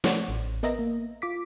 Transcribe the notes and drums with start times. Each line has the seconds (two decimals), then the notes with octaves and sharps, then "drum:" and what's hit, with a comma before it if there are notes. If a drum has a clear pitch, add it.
0.04 A3 C#4 C#5 D5 F#5, drum: snare
0.28 A1
0.63 B3 A#4 D#5 E5 A#5 A#6, drum: hi-hat
0.79 A#3
1.22 F4 D6 B6